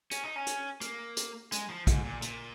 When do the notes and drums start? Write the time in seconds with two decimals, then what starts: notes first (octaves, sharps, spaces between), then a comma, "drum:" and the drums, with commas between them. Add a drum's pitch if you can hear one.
0.11 C#4, drum: hi-hat
0.24 D#4
0.36 C#4
0.47 drum: hi-hat
0.81 A#3, drum: hi-hat
1.17 drum: hi-hat
1.52 G#3, drum: hi-hat
1.70 F3
1.87 G#2, drum: kick, hi-hat
2.05 A#2
2.22 A#2, drum: hi-hat